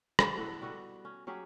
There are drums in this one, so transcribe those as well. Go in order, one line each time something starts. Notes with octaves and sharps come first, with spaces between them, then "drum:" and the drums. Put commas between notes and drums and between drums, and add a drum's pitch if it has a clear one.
D3, drum: rim click
A2 B3 D4 A4
G3 F#4 A4 D#5
C#4
F#3 C#4 G4 G#4